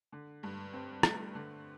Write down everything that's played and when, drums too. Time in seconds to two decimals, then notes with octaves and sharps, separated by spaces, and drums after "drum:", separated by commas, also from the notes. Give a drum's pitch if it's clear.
0.12 D3
0.43 G2
0.73 C4
1.03 A3, drum: rim click
1.35 D3